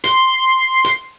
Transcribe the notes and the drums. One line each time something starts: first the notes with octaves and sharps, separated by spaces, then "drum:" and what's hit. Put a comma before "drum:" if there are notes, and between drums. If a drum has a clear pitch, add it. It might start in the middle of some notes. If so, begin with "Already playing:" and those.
C6, drum: hi-hat
drum: hi-hat